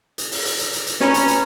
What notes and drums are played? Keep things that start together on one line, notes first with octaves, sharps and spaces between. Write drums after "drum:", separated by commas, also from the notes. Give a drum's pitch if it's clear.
drum: hi-hat
drum: open hi-hat
drum: hi-hat
drum: hi-hat
drum: hi-hat
drum: hi-hat
C#4 B4 A#5 B5, drum: snare
drum: hi-hat
drum: hi-hat